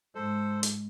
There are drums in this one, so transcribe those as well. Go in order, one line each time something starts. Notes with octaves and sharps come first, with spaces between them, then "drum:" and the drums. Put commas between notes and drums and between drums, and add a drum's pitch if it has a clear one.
G#2 A4 C5
drum: hi-hat